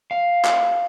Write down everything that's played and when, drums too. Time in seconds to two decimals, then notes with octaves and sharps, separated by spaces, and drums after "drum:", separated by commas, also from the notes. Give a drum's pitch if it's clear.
0.11 F5
0.45 drum: clap